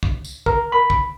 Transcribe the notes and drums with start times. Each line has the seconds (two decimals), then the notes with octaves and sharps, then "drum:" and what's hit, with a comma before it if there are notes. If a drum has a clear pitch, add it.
0.03 drum: kick
0.25 drum: tambourine
0.46 A#4, drum: kick
0.72 B5
0.90 drum: kick